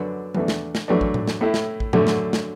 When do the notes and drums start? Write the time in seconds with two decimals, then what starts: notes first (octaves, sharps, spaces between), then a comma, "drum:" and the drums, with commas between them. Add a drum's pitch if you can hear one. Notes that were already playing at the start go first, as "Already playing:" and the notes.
Already playing: F#2 D3 B3 D4
0.35 E2 E3 A3 D4, drum: tom F#3
0.48 drum: snare
0.75 drum: snare
0.88 F#2 E3 A3 D4
1.01 drum: kick A1
1.14 drum: tom A2
1.28 drum: snare
1.41 A2 A3 E4
1.54 drum: snare
1.80 drum: kick A1
1.93 F#2 D3 A3, drum: tom A2
2.07 drum: snare
2.33 drum: snare